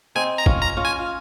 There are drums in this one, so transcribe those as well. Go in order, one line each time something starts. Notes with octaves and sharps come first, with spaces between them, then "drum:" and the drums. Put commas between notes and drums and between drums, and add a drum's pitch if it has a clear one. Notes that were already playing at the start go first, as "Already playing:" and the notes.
C4 D#4 G#5
A#5
C#4 F4, drum: kick
A#5
C#4 F4
G#5
F4